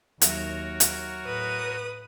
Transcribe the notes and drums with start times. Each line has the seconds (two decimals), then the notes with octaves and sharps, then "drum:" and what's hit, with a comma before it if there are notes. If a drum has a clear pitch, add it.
0.22 D#2 F#3 F#4 A#4 C#5 E5, drum: hi-hat
0.80 drum: hi-hat
1.25 A2 B4 D#6